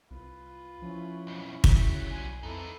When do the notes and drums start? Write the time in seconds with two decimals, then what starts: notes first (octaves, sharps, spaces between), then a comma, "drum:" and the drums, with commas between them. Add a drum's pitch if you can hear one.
0.11 C2 F4 B4
0.82 F3 C#4 E4
1.27 B1 F2
1.64 C#3 F#3 G3, drum: kick
2.10 B1 G#5 C6
2.43 F2 E3 F3 C4 D#4 E4 A4 B4